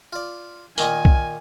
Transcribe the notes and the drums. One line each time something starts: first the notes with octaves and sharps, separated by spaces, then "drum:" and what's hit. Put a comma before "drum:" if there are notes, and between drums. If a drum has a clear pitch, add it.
F4 D5
A#2 D#3 A#3 G#5, drum: tambourine
drum: kick B1